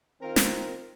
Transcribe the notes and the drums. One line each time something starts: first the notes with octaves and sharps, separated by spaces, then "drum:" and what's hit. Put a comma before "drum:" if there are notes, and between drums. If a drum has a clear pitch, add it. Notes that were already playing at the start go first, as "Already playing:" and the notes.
D#3 C4 F4 A#4
drum: snare